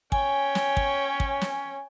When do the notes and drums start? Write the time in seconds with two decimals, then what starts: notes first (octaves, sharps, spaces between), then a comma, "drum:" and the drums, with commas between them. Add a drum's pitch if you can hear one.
0.12 C#4 C#5 G5 G#5, drum: kick
0.55 drum: snare
0.77 drum: kick
1.20 drum: kick
1.41 drum: snare